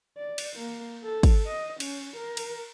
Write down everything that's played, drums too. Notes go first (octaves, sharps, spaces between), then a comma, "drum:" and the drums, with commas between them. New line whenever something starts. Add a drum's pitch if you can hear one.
D5
drum: cymbal
A#3
A4
drum: kick, cymbal
D#5
C#4, drum: cymbal
A#4
drum: cymbal